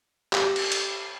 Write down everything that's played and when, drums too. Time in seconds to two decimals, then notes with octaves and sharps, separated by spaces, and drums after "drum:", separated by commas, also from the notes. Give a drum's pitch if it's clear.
0.33 G4, drum: clap
0.56 drum: cymbal
0.72 drum: hi-hat